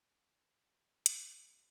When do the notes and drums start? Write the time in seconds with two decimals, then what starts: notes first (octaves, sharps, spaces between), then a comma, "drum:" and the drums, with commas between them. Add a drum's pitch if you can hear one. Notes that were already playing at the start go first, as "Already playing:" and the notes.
0.06 A5
0.11 B2 A#5
0.30 B2
0.49 B2
0.68 B2 B5
0.87 B2
1.06 C#4, drum: hi-hat
1.24 C#4
1.42 B2
1.52 C6